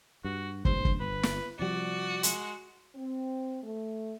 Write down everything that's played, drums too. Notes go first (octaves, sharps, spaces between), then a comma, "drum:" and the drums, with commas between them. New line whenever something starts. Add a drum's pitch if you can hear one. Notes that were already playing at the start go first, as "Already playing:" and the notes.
G2 F#4
F1 A#1 G2 C5, drum: kick
drum: kick
G1 B4
drum: snare
C3 F3 G3 F#4 D5
G#3, drum: hi-hat
C4
A3